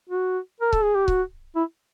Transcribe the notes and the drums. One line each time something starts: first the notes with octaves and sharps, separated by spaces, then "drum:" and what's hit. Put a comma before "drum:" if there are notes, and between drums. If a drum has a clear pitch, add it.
F#4
A#4
A4, drum: kick C#1
G#4
G4
F#4, drum: kick C#1
E4